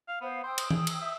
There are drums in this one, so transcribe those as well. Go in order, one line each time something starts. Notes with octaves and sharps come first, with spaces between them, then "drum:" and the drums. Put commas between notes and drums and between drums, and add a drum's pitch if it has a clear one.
F5
B3 C5 F5
C5 G5 D#6 E6
drum: cymbal
G#4, drum: tom E3
drum: cymbal
E5